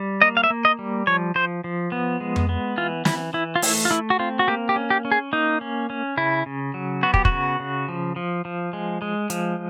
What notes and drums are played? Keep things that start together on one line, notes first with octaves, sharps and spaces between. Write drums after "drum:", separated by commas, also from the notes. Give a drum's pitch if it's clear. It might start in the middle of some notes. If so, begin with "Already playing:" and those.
Already playing: G3
A#3 D#5
F5
E5
A#3
D#5
G3
F3 C#5
F3 C5
F3
B3
G#3
drum: tom F2
B3
E3 F4
E3 E4, drum: snare
E3 E4
F4
A3 E4, drum: open hi-hat
F4
A3 E4
F#4
C4 F4
F#4
A#3 G4
G4
C#4
G4
C#4
G#4
A#3 D#4
C#4
C#4
C#3 E4
C#3
F#3
B3 F#4
G4, drum: kick
F#4, drum: kick
C#3
C#3
F3
F3
F3
G#3
G#3
F3, drum: hi-hat